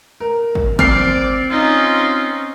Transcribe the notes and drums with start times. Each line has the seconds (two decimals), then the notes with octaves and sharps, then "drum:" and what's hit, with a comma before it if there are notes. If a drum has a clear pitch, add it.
0.20 A#4
0.55 drum: kick G#1
0.79 C4 D5 F6 C7, drum: kick G#1
1.50 C#4 D#4 F4